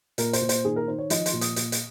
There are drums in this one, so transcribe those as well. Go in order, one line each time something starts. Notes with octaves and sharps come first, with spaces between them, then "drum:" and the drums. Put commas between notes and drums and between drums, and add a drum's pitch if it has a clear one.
A#2 A#4, drum: hi-hat
C5, drum: hi-hat
A#2
C5, drum: hi-hat
D#3 G#4
A#4
D#3 C5
C#5
F3 D#5, drum: hi-hat
C6, drum: hi-hat
A#2
D#6, drum: hi-hat
A#2, drum: hi-hat
drum: hi-hat